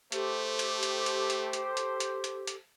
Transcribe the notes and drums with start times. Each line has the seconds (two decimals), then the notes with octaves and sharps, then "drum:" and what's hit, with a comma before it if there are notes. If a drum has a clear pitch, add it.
0.12 A3 G4 A4 C5, drum: hi-hat
0.59 drum: hi-hat
0.83 drum: hi-hat
1.06 drum: hi-hat
1.30 drum: hi-hat
1.53 drum: hi-hat
1.77 drum: hi-hat
2.00 drum: hi-hat
2.24 drum: hi-hat
2.47 drum: hi-hat